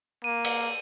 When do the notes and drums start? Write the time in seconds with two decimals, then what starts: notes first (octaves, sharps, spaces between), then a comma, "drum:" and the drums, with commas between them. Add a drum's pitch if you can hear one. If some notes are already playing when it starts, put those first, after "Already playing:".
0.24 A#3 D#7
0.45 drum: cymbal